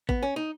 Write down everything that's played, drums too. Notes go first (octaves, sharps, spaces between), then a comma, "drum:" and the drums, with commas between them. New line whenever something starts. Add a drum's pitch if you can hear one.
B3, drum: kick G#1
C#4
D#4